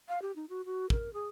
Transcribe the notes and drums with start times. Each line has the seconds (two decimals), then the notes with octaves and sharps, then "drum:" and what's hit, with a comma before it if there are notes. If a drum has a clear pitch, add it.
0.09 F5
0.22 G4
0.36 D#4
0.49 F#4
0.65 F#4
0.90 A#4, drum: kick
1.13 G#4